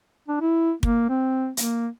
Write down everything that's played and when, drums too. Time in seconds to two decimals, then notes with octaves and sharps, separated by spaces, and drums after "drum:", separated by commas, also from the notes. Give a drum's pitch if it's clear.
0.28 D4
0.41 E4
0.83 A#3, drum: kick
1.09 C4
1.57 A#3, drum: hi-hat